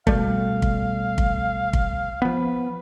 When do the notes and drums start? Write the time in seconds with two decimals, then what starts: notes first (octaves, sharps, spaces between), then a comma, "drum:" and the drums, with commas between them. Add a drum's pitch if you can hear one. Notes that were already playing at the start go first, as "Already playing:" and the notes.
0.07 B2 G3 A3 F5, drum: kick
0.62 drum: kick
1.18 drum: kick
1.73 drum: kick
2.22 F3 B3 B4